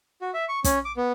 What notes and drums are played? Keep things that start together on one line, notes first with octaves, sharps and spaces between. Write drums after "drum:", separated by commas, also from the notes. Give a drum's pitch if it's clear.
F#4
E5
C#6
C#4, drum: kick, hi-hat
D6
B3